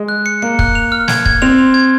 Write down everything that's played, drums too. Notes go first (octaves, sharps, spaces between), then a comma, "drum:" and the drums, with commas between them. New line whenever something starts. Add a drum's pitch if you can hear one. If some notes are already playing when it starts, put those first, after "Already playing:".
Already playing: G#3
F#6
C#7
A#3 C#7
F#6, drum: kick
F7
F6
G#6, drum: snare
G#6, drum: kick
C4 F7
F7
G#6